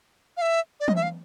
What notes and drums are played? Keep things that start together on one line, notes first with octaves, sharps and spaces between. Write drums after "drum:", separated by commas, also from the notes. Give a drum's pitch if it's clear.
F5
E5
D5
D#5, drum: tom E3
E5
F5